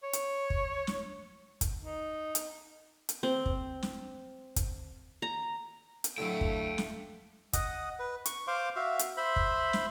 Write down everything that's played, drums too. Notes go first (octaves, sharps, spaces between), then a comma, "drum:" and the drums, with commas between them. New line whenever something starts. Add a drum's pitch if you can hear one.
C#5
drum: hi-hat
drum: kick
drum: snare
drum: kick, hi-hat
D#4
drum: hi-hat
drum: hi-hat
C4
drum: kick
drum: snare
drum: kick, hi-hat
A#5
drum: hi-hat
A2 D3 F#3 A3 F5 G5
drum: kick
drum: snare
D#5 F#5 D#6, drum: kick, hi-hat
B4
C#6, drum: hi-hat
C5 F5 C6 D6
F#4 E5 F5
drum: hi-hat
C5 E5 B5 C6
drum: kick
drum: snare